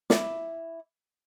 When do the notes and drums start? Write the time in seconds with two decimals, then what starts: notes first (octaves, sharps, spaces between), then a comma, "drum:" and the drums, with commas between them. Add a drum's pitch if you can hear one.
0.10 E4 D6, drum: snare